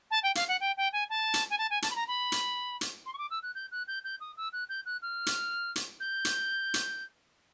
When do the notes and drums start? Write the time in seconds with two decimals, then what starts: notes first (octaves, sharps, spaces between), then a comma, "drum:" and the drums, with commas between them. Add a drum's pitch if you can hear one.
0.10 A5
0.23 G5
0.35 F5, drum: hi-hat
0.48 F#5
0.60 G5
0.77 G5
0.92 G#5
1.09 A5
1.34 drum: hi-hat
1.50 G#5
1.58 A5
1.70 G#5
1.82 A5, drum: hi-hat
1.90 B5
1.95 A#5
2.07 B5
2.32 drum: hi-hat
2.81 drum: hi-hat
3.06 C6
3.13 C#6
3.18 D6
3.30 E6
3.43 F#6
3.55 G6
3.71 F#6
3.87 G6
4.04 G6
4.20 D#6
4.37 E6
4.52 F#6
4.69 G6
4.85 F#6
5.02 F6
5.26 drum: hi-hat
5.76 drum: hi-hat
6.00 G6
6.25 drum: hi-hat
6.74 drum: hi-hat